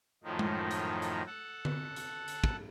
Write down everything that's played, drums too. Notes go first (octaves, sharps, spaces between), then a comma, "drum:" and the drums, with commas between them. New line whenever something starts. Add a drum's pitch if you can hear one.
F#2 A2 D#3 F3 D#4
drum: tom G#3
drum: hi-hat
drum: hi-hat
A4 F#5
drum: tom D3
drum: hi-hat
drum: hi-hat
drum: kick